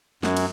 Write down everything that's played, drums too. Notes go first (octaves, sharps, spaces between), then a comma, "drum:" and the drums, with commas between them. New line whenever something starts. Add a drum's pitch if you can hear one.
F#2, drum: snare
drum: cymbal